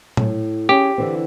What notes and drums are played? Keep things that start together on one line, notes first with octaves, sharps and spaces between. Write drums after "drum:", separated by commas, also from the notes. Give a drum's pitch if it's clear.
A2, drum: tom A#2
C#4 G4 G#4
D3 E3 C4